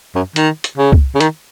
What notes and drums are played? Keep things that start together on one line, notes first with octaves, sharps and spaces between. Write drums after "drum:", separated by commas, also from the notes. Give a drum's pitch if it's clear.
F#2
D#3, drum: hi-hat
drum: hi-hat
C#3
drum: kick
C#3
D#3, drum: hi-hat